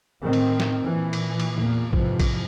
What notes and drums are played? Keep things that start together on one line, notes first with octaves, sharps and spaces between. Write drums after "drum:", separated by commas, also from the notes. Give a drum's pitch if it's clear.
A2 D#3 C4
drum: cymbal
drum: snare
A#2 E3
drum: cymbal
drum: cymbal
E2 A#2 A#3
F2 G#2 C3 E3 F3, drum: kick A#1
drum: kick A#1, cymbal